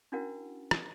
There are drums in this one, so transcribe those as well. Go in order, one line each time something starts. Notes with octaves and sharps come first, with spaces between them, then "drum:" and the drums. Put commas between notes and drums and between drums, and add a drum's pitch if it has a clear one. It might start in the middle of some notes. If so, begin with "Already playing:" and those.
C#4 D4 E4 F#4 A#4 F#5
drum: rim click